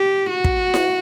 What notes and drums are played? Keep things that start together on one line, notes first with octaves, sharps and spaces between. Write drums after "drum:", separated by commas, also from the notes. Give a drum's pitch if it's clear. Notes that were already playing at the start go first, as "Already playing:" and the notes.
Already playing: G4
F#4
drum: kick
drum: snare E4